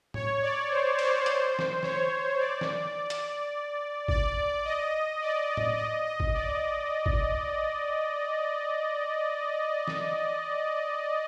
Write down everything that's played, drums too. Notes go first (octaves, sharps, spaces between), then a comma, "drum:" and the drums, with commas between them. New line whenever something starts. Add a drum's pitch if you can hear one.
C#5, drum: tom A2
D5
C5
C5, drum: cymbal
C5, drum: hi-hat
drum: snare
C#5, drum: snare
D5
drum: snare
drum: hi-hat
D5, drum: kick
D#5
D5
drum: tom A2
D#5
D#5
drum: kick
D5
drum: kick
drum: snare